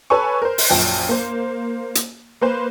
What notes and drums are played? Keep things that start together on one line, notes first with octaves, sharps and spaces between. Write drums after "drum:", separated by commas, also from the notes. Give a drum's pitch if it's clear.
A4 B4 C#5 G#5 C#6
A#4 C5
drum: open hi-hat
A#1 F#2 F3 G5
A#3 C5
drum: hi-hat
A#3 B4 C5